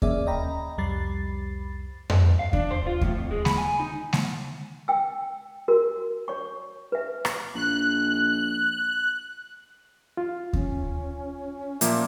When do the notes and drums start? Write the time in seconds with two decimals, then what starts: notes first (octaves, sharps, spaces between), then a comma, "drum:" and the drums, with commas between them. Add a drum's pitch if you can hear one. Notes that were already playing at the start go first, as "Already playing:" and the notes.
0.02 A#3 C#4 G#4 D5 E5, drum: kick D#2
0.27 D#5 G5 A#5 B5
0.78 C2 F2 G3 B5 A6 C7
2.10 drum: tom F2
2.39 F5
2.53 D4, drum: kick D#2
2.71 C5
2.87 F4
3.01 A2, drum: kick D#2
3.17 F2
3.31 G#3
3.45 B5, drum: snare G#3
3.58 G#5
3.80 D#4
4.13 drum: snare G#3
4.88 G5 E6
5.68 F#4 A#4
6.28 C#5 C#6
6.92 B4 E5
7.25 drum: rim click
7.55 A#1 F#6
10.17 F4
10.53 C#4, drum: kick D#2
11.81 A#2 F3 A#3 E5, drum: hi-hat